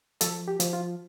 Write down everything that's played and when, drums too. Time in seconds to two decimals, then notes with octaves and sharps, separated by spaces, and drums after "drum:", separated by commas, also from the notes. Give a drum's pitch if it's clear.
0.21 F3 A4, drum: hi-hat
0.48 G4
0.60 F3, drum: hi-hat
0.73 F4